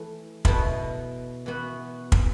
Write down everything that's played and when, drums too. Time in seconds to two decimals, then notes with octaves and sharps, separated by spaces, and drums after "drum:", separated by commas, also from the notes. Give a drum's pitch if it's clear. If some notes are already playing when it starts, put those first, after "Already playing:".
Already playing: E3 A3 E4 A4
0.45 B2 B3 E4 A4, drum: kick
1.46 E3 B3 F#4
2.12 drum: kick